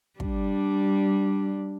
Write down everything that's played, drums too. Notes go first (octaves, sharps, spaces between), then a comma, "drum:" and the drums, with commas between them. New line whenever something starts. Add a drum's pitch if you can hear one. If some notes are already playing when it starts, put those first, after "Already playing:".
G3 D4, drum: kick